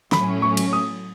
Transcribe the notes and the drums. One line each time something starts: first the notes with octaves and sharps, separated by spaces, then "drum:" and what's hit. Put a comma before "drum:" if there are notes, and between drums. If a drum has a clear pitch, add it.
A2 F#3 C#4 B5, drum: snare
C#6
drum: cymbal
D#6